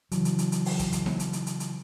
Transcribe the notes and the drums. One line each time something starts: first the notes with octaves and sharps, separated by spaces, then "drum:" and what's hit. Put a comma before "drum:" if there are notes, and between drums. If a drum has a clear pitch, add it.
C#3 E3 F#3, drum: hi-hat
drum: hi-hat
drum: hi-hat
drum: hi-hat
drum: open hi-hat
drum: kick, hi-hat
drum: kick, hi-hat
drum: snare D#4
drum: hi-hat
drum: hi-hat
drum: hi-hat
drum: hi-hat